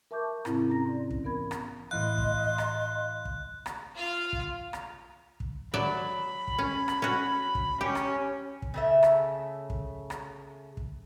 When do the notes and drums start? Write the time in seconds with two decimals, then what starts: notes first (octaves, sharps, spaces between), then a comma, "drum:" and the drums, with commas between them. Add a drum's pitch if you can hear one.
0.11 A#4 E5 A5 C#6 D6 G6
0.45 G#2 C3 C4 E4, drum: rim click
0.68 C#4 A#5 A#6
0.85 D5 C6
1.11 drum: kick
1.24 E3 B3 A#4 B5 G#6
1.51 drum: rim click
1.91 A2 E3 D#5 F5 C6 F#6
2.18 drum: kick
2.58 drum: rim click
3.25 drum: kick
3.66 drum: rim click
3.95 F4 F5
4.33 drum: kick
4.73 drum: rim click
5.40 drum: kick
5.74 F#3 D5 E5 B5
6.48 drum: kick
6.59 C#4
6.88 drum: rim click
7.02 C#4 F#4
7.55 drum: kick
7.81 C#4 G4
7.95 drum: rim click
8.62 drum: kick
8.74 C#3 A3 E5
9.03 drum: rim click
9.70 drum: kick
10.10 drum: rim click
10.77 drum: kick